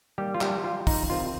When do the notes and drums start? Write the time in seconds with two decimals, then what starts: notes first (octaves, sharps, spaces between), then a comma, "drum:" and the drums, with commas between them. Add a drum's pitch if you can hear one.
0.18 D#3 G3 A#3 G4
0.34 F4
0.41 G3 G4, drum: clap
0.64 F4
0.87 D#4, drum: kick, open hi-hat
1.10 C3 D#3 C4 F4